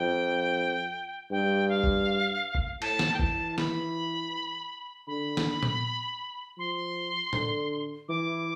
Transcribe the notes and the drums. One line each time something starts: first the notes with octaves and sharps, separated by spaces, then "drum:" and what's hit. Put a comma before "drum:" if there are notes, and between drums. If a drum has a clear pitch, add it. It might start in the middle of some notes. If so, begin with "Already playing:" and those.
Already playing: F2 G5
G2 G5
F5
drum: kick G#1
drum: kick G#1
A2 A5, drum: cymbal
drum: snare
G5
E3 A5, drum: kick G#1
B5, drum: snare
D3 B5
drum: snare
drum: tom A#2
F3 C6
D3, drum: tom A2
E3 D6